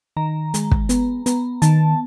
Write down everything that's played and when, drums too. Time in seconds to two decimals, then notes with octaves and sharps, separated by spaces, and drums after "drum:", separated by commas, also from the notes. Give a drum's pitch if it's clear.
0.17 D#3 A#5
0.54 G#3, drum: hi-hat
0.71 drum: kick
0.89 B3, drum: hi-hat
1.26 B3, drum: hi-hat
1.62 D#3 A5, drum: hi-hat